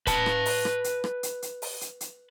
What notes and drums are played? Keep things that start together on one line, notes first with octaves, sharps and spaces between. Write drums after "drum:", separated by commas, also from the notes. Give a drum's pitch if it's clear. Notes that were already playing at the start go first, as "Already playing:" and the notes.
B4 A5, drum: kick C#1, hi-hat
drum: rim click
drum: open hi-hat
drum: rim click
drum: hi-hat
drum: rim click
drum: hi-hat
drum: hi-hat
drum: open hi-hat
drum: hi-hat
drum: hi-hat